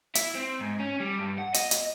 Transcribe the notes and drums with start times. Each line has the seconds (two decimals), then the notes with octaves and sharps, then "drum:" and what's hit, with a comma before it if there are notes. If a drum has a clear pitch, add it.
0.15 E4, drum: hi-hat
0.35 C4
0.61 G#2
0.79 C#4
1.00 G3
1.19 G2
1.38 F#5
1.54 D#5, drum: hi-hat
1.71 drum: hi-hat